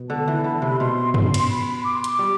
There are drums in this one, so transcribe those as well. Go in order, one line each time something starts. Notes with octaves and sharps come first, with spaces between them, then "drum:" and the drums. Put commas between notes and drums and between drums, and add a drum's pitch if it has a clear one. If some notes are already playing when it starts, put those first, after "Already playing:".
Already playing: B2
D3 A5
E3
D3 B5
A5
C3 B5
B2 C6
C6, drum: tom
drum: cymbal
B5
D6
C6
D6, drum: hi-hat
G3